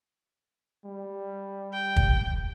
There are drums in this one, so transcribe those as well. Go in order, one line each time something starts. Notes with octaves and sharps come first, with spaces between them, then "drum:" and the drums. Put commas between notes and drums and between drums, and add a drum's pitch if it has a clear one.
G3
G5
drum: kick